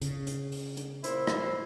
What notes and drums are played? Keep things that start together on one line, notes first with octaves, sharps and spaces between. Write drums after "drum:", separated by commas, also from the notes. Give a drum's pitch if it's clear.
C#3, drum: hi-hat
drum: hi-hat
drum: open hi-hat
drum: hi-hat
A#2 E4 C5, drum: hi-hat
drum: rim click